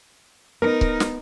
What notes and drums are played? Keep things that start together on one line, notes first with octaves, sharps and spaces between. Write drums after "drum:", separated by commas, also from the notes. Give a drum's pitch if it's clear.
B3 D#4 A#4
drum: kick C#1
drum: snare